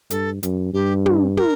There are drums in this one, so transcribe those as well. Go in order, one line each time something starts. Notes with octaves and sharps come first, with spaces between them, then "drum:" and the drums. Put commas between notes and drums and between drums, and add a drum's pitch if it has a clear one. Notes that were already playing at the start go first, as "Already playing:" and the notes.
G2 A4, drum: hi-hat
F#2, drum: hi-hat
G2 G4
drum: tom
A#4, drum: tom